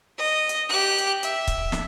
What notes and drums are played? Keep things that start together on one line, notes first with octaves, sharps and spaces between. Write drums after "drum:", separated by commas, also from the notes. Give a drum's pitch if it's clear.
D#5
drum: hi-hat
G4 F#6
drum: hi-hat
E5, drum: hi-hat
drum: kick C#1, hi-hat
drum: snare